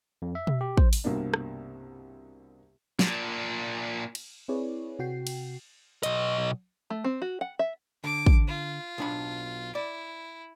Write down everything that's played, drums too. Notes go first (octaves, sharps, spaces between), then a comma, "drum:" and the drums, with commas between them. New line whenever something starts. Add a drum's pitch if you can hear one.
F2
E5
drum: tom B2
G4
C5, drum: kick
drum: open hi-hat
C2 G2 B2 A#3 D4
drum: rim click
A#2 D4, drum: snare
drum: cymbal
C4 E4 G#4 B4 C#5 D5
C3 F#4 G5 C7
drum: cymbal
B1 D#5, drum: hi-hat
A3
C4
F#4
F#5
E5
D3 D6
drum: kick
F4
B1 D4 B5
E4 D5